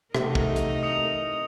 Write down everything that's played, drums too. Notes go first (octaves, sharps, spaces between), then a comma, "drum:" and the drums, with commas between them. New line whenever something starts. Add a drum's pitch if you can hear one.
E2 C3 A3 D#4 A#4, drum: rim click
drum: kick
drum: hi-hat
D#6 C#7 F7